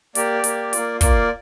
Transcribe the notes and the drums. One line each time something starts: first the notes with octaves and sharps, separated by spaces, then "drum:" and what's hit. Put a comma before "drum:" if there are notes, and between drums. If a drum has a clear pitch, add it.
A#3 G4 D5, drum: hi-hat
A#3 G4, drum: hi-hat
A#3 F4, drum: hi-hat
A#3 F4 D5, drum: kick, hi-hat